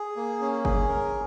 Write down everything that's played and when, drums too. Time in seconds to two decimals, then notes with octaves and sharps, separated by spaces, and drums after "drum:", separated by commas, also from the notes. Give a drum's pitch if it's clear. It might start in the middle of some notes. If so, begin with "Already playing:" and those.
Already playing: G#4
0.16 A#3
0.41 C#4
0.65 G#4, drum: kick
0.89 A#4